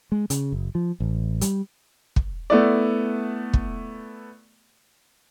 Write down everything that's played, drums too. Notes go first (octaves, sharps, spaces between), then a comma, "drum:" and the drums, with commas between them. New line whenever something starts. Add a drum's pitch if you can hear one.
G#3
C#3, drum: hi-hat
F#1
F3
A1
G3, drum: hi-hat
drum: kick
A3 B3 E4 D5
drum: kick